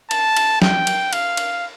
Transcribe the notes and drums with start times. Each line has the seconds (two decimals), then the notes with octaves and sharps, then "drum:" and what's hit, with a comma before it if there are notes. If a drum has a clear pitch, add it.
0.11 A5, drum: cymbal
0.37 drum: cymbal
0.62 G5, drum: snare
0.87 drum: cymbal
1.13 F5, drum: cymbal
1.37 drum: cymbal